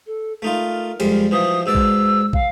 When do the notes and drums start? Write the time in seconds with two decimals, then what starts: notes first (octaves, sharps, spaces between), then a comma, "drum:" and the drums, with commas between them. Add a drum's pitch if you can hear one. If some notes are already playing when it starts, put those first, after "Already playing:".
0.06 A4
0.42 A3 D#4 F4 A#4
1.00 F2 G3 G#3, drum: cymbal
1.31 B2 E3 F3 D#6
1.66 G#2 B2 D5 E6
1.75 drum: kick
2.33 F5, drum: kick